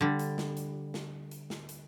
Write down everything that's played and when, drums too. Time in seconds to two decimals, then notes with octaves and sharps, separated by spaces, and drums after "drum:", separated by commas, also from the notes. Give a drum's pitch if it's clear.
0.01 D3 G3
0.19 drum: hi-hat
0.38 drum: snare
0.57 drum: hi-hat
0.94 drum: snare
1.31 drum: hi-hat
1.50 drum: snare
1.69 drum: hi-hat